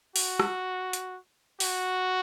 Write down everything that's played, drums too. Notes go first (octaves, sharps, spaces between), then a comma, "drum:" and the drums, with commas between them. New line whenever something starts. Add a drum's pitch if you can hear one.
F#4, drum: open hi-hat
drum: rim click
drum: hi-hat
F#4, drum: open hi-hat